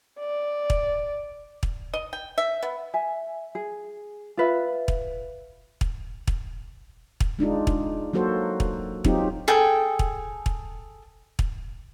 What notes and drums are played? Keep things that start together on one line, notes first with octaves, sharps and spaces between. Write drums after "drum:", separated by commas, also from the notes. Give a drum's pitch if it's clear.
D5
drum: kick
drum: kick
D#5
G5
E5
B3
E5 G#5
G#4
F4 B4 E5
drum: kick
drum: kick
drum: kick
drum: kick
G#3 D4 D#4 F4
drum: kick
F#3 A#3 F#4 A4 C5
drum: kick
F#3 C4 D#4 F4 G4, drum: kick
G#4 A4 G5
drum: kick
drum: kick
drum: kick